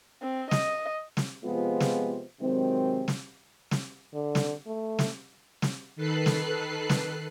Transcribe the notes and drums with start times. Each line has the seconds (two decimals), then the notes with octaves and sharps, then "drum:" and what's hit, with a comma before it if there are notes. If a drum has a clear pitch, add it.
0.22 C4
0.51 D#5, drum: snare
1.17 drum: snare
1.44 C3 F3 G#3 B3 F4 C5
1.80 drum: snare
2.40 C3 D#3 F#3 G#3 C4
3.08 drum: snare
3.71 drum: snare
4.14 D3
4.35 drum: snare
4.67 A3
4.99 drum: snare
5.62 drum: snare
5.96 D#3 A4 B4 F#6 C7
6.26 drum: snare
6.89 drum: snare